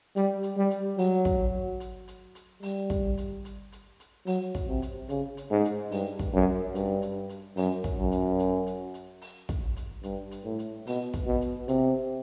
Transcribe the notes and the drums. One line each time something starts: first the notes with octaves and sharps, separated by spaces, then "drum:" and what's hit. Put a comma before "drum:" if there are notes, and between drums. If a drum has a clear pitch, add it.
G3, drum: hi-hat
drum: hi-hat
G3
drum: hi-hat
F#3, drum: open hi-hat
drum: kick, hi-hat
drum: hi-hat
drum: hi-hat
drum: hi-hat
G3, drum: open hi-hat
drum: kick, hi-hat
drum: hi-hat
drum: hi-hat
drum: hi-hat
drum: hi-hat
F#3, drum: open hi-hat
drum: kick, hi-hat
C3
drum: hi-hat
C#3, drum: hi-hat
drum: hi-hat
G#2
drum: hi-hat
G2, drum: open hi-hat
drum: kick, hi-hat
F#2
G2, drum: hi-hat
drum: hi-hat
drum: hi-hat
F#2, drum: open hi-hat
drum: kick, hi-hat
F#2
drum: hi-hat
drum: hi-hat
drum: hi-hat
drum: hi-hat
drum: open hi-hat
drum: kick, hi-hat
drum: hi-hat
G2, drum: hi-hat
drum: hi-hat
A2
drum: hi-hat
B2, drum: open hi-hat
drum: kick, hi-hat
B2
drum: hi-hat
C3, drum: hi-hat